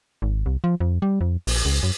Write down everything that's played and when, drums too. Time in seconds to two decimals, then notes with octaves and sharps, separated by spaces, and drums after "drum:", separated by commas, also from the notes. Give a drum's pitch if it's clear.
0.22 G#1
0.46 C2
0.64 F3
0.80 F2
1.02 G3
1.21 F2
1.47 A#1, drum: open hi-hat
1.65 C#2
1.83 F#2